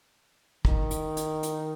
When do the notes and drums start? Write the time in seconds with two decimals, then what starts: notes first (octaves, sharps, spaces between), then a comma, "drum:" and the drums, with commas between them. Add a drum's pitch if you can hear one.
0.65 D#3, drum: kick
0.91 drum: hi-hat
1.17 drum: hi-hat
1.43 drum: hi-hat